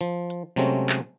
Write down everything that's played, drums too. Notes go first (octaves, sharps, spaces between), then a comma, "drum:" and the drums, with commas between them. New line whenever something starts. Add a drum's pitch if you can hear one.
F3
drum: hi-hat
C3 F#3 G#3 A3 C4 C#4
drum: clap